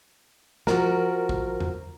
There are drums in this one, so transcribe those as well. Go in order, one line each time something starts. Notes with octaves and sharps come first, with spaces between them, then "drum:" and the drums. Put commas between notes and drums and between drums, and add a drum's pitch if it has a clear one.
F3 F#4 A#4, drum: snare
drum: kick
drum: tom E2